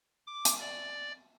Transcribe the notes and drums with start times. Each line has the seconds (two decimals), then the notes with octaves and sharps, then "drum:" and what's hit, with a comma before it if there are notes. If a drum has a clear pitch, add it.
0.27 D6
0.45 drum: hi-hat
0.60 D5